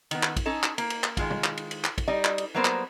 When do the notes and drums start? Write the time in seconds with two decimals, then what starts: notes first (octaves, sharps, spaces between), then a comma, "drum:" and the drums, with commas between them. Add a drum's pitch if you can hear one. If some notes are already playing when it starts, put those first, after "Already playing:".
0.11 D#3 B3, drum: cymbal
0.23 drum: clap
0.36 drum: kick, cymbal
0.46 C#4 D#4 A4
0.63 drum: clap
0.78 A#3, drum: cymbal
0.90 drum: cymbal
1.04 drum: clap
1.17 D#3 G#3 F4, drum: kick, cymbal
1.30 drum: tom
1.44 drum: clap
1.57 drum: cymbal
1.71 drum: cymbal
1.84 drum: clap
1.98 drum: kick, cymbal
2.08 G3 D#4 D5 D#5
2.25 drum: clap
2.38 drum: cymbal
2.54 F#3 G3 A#3 B3 A#4 C5
2.65 drum: clap